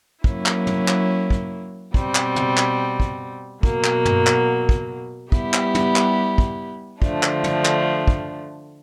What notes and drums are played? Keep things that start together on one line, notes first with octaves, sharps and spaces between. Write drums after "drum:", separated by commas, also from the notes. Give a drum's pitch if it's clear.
F#3 A#3 C#4 E4, drum: kick
drum: clap
drum: tom
drum: clap
drum: kick
B2 G3 C4, drum: kick
drum: clap
drum: tom
drum: clap
drum: kick
B2 F#3 A#3, drum: kick
drum: clap
drum: tom
drum: clap
drum: kick
G3 B3 E4 G4, drum: kick
drum: clap
drum: tom
drum: clap
drum: kick
D3 F3 A3 D4, drum: kick
drum: clap
drum: tom
drum: clap
drum: kick